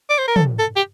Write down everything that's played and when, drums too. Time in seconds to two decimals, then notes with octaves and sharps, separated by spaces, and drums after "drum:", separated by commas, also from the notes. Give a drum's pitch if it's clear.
0.10 D5
0.18 C5
0.28 A#4
0.36 A4, drum: tom
0.59 A4
0.76 G4